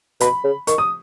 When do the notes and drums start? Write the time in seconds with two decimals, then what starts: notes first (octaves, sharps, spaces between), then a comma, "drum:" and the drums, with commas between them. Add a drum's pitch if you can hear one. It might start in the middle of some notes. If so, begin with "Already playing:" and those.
0.20 B2 B5, drum: hi-hat
0.44 C#3
0.67 D#3 C#6, drum: hi-hat
0.78 D#6